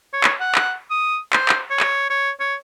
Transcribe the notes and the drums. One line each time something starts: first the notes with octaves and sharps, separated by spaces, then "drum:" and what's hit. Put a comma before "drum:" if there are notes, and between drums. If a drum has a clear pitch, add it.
C#5
drum: clap
F#5
drum: clap
D#6
C5, drum: clap
drum: clap
C#5
drum: clap
C#5
C#5